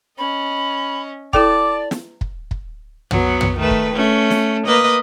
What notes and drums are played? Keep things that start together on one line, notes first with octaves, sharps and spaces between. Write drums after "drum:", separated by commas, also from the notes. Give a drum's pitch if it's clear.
C#4 D#5 B5
E4 A4 D5 G5 A5 D6, drum: kick
drum: snare
drum: kick
drum: kick
F#3 B3, drum: tom
drum: tom
D#3 A3 B4
drum: kick
A3 C#4
drum: snare
A#3 B4 D#5